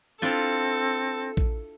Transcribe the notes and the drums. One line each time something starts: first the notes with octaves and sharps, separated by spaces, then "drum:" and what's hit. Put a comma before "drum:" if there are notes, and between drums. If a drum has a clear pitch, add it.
C4 D4 E4 F4 A4
drum: kick A#1